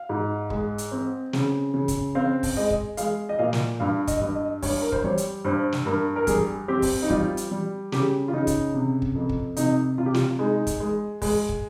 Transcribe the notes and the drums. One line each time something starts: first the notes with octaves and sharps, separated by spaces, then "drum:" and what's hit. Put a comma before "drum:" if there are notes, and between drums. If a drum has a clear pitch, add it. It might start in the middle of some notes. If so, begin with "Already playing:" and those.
Already playing: F5
G#2
G#3, drum: kick
drum: hi-hat
C4
C#3, drum: snare
C#3
drum: kick, hi-hat
C4 F5
drum: kick, open hi-hat
G#3 D#5
drum: kick
G#3 F5, drum: hi-hat
D#5
A#2 F5
drum: snare
G2 F5
D#5, drum: kick, hi-hat
G2
D#5
G2 C#5, drum: kick, open hi-hat
A#4
C5, drum: kick
G3 C#5
drum: hi-hat
G2 C5
drum: snare
G2 A#4
A#4
G3 G#4, drum: kick, hi-hat
C4 G4
drum: kick, open hi-hat
D#4
G3 F4, drum: kick
drum: hi-hat
G3
C#3 G4, drum: snare
F4
C#3 D#4
drum: kick, hi-hat
C3
drum: kick
F2
drum: kick
C3 D#4, drum: hi-hat
C3 F4
G4
F4, drum: snare
G#3 D#4
drum: kick, hi-hat
G#3
G#3, drum: kick, open hi-hat
drum: kick